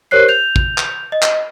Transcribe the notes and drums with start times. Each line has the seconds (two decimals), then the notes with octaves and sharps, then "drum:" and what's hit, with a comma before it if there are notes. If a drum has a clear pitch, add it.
0.11 G4 A#4 C5 C#5 F#6 C7
0.28 G6 F7
0.56 drum: kick
0.78 drum: clap
1.12 D#5
1.22 drum: clap